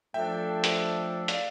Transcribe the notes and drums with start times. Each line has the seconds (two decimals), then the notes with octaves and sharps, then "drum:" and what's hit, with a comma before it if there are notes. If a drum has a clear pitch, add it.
0.14 F3 A3 D4 A4 E5 G5
0.64 drum: hi-hat
1.28 D5 F5, drum: hi-hat